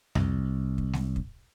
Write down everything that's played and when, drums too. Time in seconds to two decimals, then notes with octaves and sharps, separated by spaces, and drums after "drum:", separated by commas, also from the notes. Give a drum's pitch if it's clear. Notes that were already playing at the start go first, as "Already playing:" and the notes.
0.15 C2, drum: tom F2
0.78 drum: kick
0.93 drum: snare G#3
1.16 drum: kick